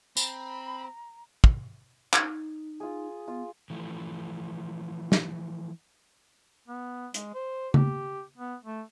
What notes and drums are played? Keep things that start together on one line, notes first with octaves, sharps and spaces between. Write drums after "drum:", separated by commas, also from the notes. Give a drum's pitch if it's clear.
C4 A#5 B5, drum: tambourine
drum: kick
D#4, drum: clap
F4 G#4
B3 F4
E3 F3 A3
drum: snare
B3
G#3, drum: hi-hat
C5
G4, drum: tom C#3
B3
A3